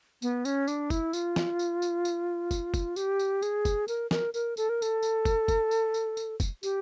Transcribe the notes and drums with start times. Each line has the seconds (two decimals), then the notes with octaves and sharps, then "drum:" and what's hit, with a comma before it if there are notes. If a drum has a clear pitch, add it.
0.22 B3, drum: tambourine
0.45 C#4, drum: tambourine
0.68 D4, drum: tambourine
0.90 E4, drum: kick, tambourine
1.13 F4, drum: tambourine
1.36 drum: snare
1.59 drum: tambourine
1.82 drum: tambourine
2.05 drum: tambourine
2.51 drum: kick, tambourine
2.74 drum: kick, tambourine
2.96 G4, drum: tambourine
3.19 drum: tambourine
3.42 G#4, drum: tambourine
3.65 drum: kick, tambourine
3.88 A#4, drum: tambourine
4.11 A#4, drum: snare
4.34 A#4, drum: tambourine
4.57 A4, drum: tambourine
4.69 A#4
4.82 A4, drum: tambourine
5.03 drum: tambourine
5.25 drum: kick, tambourine
5.48 drum: kick, tambourine
5.71 drum: tambourine
5.94 drum: tambourine
6.17 drum: tambourine
6.40 drum: kick, tambourine
6.63 G4, drum: tambourine